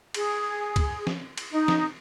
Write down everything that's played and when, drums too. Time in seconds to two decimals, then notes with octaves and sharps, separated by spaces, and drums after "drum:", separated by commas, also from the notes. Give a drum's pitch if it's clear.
0.14 G#4, drum: cymbal
0.76 drum: kick C#2, cymbal
1.07 drum: snare
1.38 drum: cymbal
1.51 D#4
1.68 drum: snare